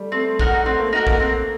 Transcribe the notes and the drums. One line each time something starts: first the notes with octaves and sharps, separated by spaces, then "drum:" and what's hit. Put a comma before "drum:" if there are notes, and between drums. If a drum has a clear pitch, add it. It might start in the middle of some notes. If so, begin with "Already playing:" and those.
Already playing: G3 A3
A3 C4
D#4 F#4 A#4, drum: kick A#1
A3 C4
A#3
A3 D#4 F#4 A#4
A#3, drum: kick A#1
C4